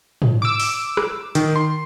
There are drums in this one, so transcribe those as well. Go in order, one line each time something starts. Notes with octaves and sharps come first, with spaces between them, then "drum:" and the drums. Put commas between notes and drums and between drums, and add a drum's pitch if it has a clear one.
drum: tom G#2
D6 E6
drum: open hi-hat
drum: rim click
D#3, drum: hi-hat
C6